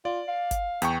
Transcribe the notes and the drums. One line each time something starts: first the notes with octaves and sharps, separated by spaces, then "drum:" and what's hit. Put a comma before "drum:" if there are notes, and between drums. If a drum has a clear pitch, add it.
F4 D5
F5
drum: kick G1, hi-hat
E2 G5 C#6, drum: hi-hat